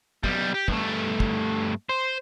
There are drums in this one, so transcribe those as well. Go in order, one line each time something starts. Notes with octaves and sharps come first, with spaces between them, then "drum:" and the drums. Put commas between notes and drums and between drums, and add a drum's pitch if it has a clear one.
B1 G3, drum: kick
G4
G2 A3, drum: kick
drum: kick
C5